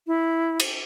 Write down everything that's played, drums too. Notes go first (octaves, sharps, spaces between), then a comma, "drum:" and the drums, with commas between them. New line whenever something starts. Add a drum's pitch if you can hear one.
E4
drum: cymbal